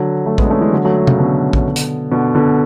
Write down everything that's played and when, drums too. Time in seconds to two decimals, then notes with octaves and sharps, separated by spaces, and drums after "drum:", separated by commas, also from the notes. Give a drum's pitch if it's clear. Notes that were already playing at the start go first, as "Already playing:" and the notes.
Already playing: D3 F#3
0.26 F#3 A3
0.38 G#3 B3, drum: kick A#1
0.45 D4
0.50 A3 C#4
0.61 E3 G#3
0.73 D3 F#3
0.85 F#3 A3
1.07 C#3, drum: tom C3
1.18 B2 D3
1.53 drum: kick A#1
1.76 drum: hi-hat
2.12 B2 D3
2.35 B2 D3